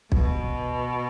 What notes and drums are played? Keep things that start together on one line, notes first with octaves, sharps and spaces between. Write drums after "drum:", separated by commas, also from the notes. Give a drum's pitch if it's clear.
B2, drum: kick B1